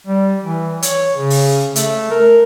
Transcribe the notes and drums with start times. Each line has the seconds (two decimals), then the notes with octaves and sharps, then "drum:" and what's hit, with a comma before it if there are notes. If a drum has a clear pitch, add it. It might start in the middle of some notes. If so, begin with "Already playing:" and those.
0.07 G3
0.43 E3
0.82 C#5, drum: hi-hat
1.13 C#3
1.30 drum: open hi-hat
1.76 A3, drum: hi-hat
2.10 A#4